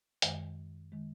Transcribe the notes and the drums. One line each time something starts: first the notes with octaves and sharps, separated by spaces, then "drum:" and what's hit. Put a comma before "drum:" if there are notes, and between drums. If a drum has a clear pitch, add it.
F#2 D#3 G#3, drum: hi-hat
D#3 G#3